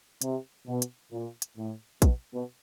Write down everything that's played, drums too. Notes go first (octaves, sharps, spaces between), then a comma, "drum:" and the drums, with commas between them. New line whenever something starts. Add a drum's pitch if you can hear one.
C3, drum: hi-hat
B2
drum: hi-hat
A#2
drum: hi-hat
A2
B2, drum: kick, hi-hat
B2